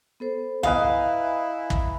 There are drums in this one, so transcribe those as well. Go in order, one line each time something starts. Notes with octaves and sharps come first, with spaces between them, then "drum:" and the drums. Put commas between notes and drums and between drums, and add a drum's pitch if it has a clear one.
B3 A4 C5
E4 B4 D#5 F5 G#5 A#5, drum: tom C2
drum: kick